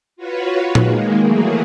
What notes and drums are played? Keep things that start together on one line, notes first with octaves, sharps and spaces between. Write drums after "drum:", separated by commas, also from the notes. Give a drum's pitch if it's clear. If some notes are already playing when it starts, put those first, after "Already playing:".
F4 F#4 B4 C#5
D#3 G#3 A#3, drum: tom A#2
E3 F#3 A3 A#3 G#4